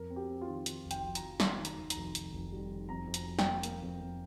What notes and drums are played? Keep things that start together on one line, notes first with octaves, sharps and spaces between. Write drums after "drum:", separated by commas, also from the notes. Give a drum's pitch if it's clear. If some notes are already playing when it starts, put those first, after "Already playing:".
Already playing: F2 A#4
C4
G4
C4
F4
D#3
D#3, drum: hi-hat
F1
G5, drum: hi-hat
F1
A#5, drum: hi-hat
F1
D#3 C6, drum: snare
D#3
A#5, drum: hi-hat
D#2
A#5, drum: hi-hat
F1
F1, drum: hi-hat
F1
G3
D#3
F2 A#5
F2
A#5, drum: hi-hat
F2
G5, drum: snare
A#3
A#3, drum: hi-hat
F2
F2